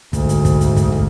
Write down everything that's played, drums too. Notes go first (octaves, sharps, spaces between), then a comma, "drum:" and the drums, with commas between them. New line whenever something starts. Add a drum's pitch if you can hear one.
D2 G#2, drum: kick, hi-hat
drum: hi-hat
drum: kick, hi-hat
drum: hi-hat
drum: kick, hi-hat
drum: kick